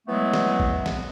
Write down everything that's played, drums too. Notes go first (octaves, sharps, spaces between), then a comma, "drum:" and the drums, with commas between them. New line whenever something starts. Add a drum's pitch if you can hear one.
E3 F#3 G#3 A3 B3
drum: snare
drum: kick
drum: snare